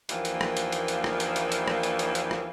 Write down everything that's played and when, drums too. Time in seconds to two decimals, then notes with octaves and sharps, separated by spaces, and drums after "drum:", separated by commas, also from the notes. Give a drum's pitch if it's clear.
0.09 D#2 E3 F3 A#3 D4, drum: hi-hat
0.25 drum: hi-hat
0.41 drum: rim click
0.57 drum: hi-hat
0.72 drum: hi-hat
0.88 drum: hi-hat
1.04 drum: rim click
1.20 drum: hi-hat
1.36 drum: hi-hat
1.52 drum: hi-hat
1.68 drum: rim click
1.83 drum: hi-hat
1.99 drum: hi-hat
2.15 drum: hi-hat
2.31 drum: rim click